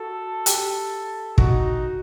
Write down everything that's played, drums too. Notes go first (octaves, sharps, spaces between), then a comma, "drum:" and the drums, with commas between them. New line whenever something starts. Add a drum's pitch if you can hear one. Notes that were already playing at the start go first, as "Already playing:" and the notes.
Already playing: F#4 A4
G4, drum: hi-hat
D#4 F#4, drum: kick